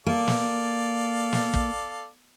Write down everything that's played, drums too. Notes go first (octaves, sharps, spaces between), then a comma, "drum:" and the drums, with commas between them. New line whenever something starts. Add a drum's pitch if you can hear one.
A#3 A4 D5 F5
drum: snare
drum: snare
drum: kick